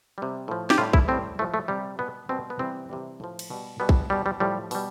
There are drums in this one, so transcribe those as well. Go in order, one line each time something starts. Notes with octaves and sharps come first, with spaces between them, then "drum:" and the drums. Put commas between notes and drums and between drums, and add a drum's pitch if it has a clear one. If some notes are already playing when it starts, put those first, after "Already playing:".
C3 G3
A2 F3
G4, drum: snare
A2 G3 F4
E4, drum: kick A#1
A2 G3 C4
A2 F3 A3
A3
C3 G3
B2 G3 B3
B2 G3 C4
B3
C3 E3 G3 C4
C3 E3 G3
A2 F3
drum: cymbal
B2 G3
B2 G3 B3
drum: kick A#1
B2 G3
G3
A2 F3 G3
B2 G3, drum: open hi-hat